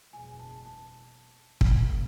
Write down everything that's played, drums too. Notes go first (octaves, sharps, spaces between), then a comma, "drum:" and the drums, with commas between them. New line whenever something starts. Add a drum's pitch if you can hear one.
F#1 E2 B2 G#3 G#5
A5
A5
drum: kick
G1 F#2 C#3 F3 A#3